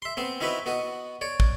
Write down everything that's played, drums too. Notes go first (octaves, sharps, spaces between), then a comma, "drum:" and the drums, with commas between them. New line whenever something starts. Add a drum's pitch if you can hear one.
E5 C6
B3 C4 C5
C4 D#4 E4 F#4 B4 B5
B3 F#4 D#5
C#5 D5
drum: kick